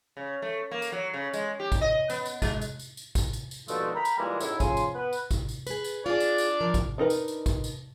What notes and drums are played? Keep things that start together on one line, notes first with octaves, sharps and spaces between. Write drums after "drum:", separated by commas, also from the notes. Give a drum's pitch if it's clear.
C#3
A3
A#3
drum: tambourine
F#3
C#3
G#3, drum: tambourine
G4
drum: kick G#1, tambourine
D#5
B3, drum: tambourine
drum: tambourine
G#3, drum: kick G#1, tambourine
drum: tambourine
drum: tambourine
drum: tambourine
drum: kick G#1, tambourine
drum: tambourine
drum: tambourine
D#2 B2 D3 F3 G#3 A3, drum: tambourine
A#4 G5 A#5 B5
drum: tambourine
A#2 E3 G3 G#3
F#2 A2 C#3 D#4 E4, drum: tambourine
C#3 F3 G#5 C6, drum: kick G#1, tambourine
drum: tambourine
B3 B4
drum: tambourine
drum: kick G#1, tambourine
drum: tambourine
G#4 B4, drum: tambourine
drum: tambourine
D4 F4 G#4 D5
drum: tambourine
drum: tambourine
F3 A#4
drum: kick G#1, tambourine
D4 D#4 A#4 B4
drum: tambourine
drum: tambourine
drum: kick G#1, tambourine
drum: tambourine